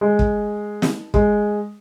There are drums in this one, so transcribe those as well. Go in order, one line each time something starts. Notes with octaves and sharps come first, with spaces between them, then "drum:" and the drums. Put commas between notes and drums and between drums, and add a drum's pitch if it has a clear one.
G#3
drum: kick
drum: snare
G#3, drum: kick